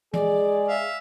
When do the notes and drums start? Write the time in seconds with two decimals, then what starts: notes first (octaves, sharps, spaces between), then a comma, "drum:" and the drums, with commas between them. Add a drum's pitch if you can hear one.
0.14 G#3 G#4 D5, drum: tom E3
0.68 E5 F5